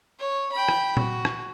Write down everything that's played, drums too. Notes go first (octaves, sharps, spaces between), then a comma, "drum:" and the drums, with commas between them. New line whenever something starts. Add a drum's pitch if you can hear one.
C#5
G5 B5
drum: rim click
F#4, drum: tom A#2
drum: rim click